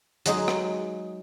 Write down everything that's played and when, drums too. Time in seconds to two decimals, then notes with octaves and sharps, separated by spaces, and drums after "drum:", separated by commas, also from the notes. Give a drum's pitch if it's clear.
0.26 F#3 G#3 D#4 G#4, drum: hi-hat
0.48 drum: rim click